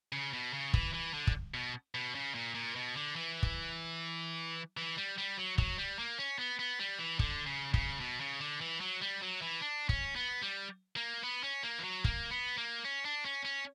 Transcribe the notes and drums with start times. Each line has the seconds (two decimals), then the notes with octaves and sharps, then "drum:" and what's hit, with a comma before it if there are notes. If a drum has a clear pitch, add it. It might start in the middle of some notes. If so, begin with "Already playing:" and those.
0.12 C#3
0.33 B2
0.53 C#3
0.74 E3, drum: kick
0.94 E3
1.14 D3
1.27 drum: kick
1.54 B2
1.94 B2
2.15 C#3
2.35 A#2
2.55 A#2
2.75 B2
2.96 D3
3.16 E3
3.43 drum: kick
4.77 E3
4.97 G3
5.18 G3
5.38 F#3
5.58 F#3, drum: kick
5.78 G3
5.99 A#3
6.18 C#4
6.39 B3
6.59 B3
6.79 G3
6.99 E3
7.19 D3, drum: kick
7.47 C#3
7.74 C#3, drum: kick
8.00 B2
8.20 C#3
8.41 D3
8.61 E3
8.81 F#3
9.01 G3
9.21 F#3
9.42 E3
9.61 D4
9.89 C#4, drum: kick
10.16 B3
10.42 G3
10.96 A#3
11.23 B3
11.43 C#4
11.63 A#3
11.79 E3
11.84 F#3
12.04 A#3, drum: kick
12.31 B3
12.58 A#3
12.85 C#4
13.05 D4
13.25 C#4
13.45 C#4